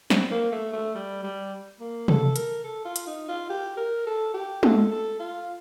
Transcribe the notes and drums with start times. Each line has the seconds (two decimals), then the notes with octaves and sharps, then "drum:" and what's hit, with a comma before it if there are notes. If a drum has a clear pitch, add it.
0.10 C4, drum: snare
0.31 A#3
0.52 A3
0.73 A3
0.95 G3
1.23 G3
1.80 A#3
2.08 A4, drum: tom C3
2.36 A#4, drum: hi-hat
2.64 A4
2.85 F4
2.96 drum: hi-hat
3.07 D#4
3.29 F4
3.49 G4
3.77 A#4
4.07 A4
4.34 G4
4.63 A4, drum: tom G#3
4.91 A4
5.19 F4